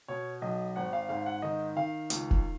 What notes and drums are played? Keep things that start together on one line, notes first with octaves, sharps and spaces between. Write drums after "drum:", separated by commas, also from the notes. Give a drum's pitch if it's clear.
B2 C#5
B1 D#5
G#1 F#5
F5
G#2 F5
F#5
D#3 D#5
D#3 F5
C#2, drum: hi-hat
drum: kick F1